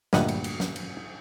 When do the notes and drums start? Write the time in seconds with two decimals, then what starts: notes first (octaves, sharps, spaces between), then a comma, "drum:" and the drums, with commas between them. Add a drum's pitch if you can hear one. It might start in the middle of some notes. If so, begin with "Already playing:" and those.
0.13 D2 G2 A#2 D#5 F#5, drum: snare
0.28 drum: cymbal
0.44 drum: cymbal
0.60 drum: snare
0.76 drum: cymbal